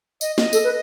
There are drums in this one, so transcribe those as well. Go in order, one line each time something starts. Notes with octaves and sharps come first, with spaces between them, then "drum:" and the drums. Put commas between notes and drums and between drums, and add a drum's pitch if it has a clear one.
D#5, drum: tambourine
D#5, drum: snare
A4, drum: tambourine
B4